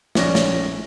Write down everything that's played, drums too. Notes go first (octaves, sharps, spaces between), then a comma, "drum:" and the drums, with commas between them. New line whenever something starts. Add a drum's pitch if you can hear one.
A#1 C#4 D5 A#6, drum: snare
drum: snare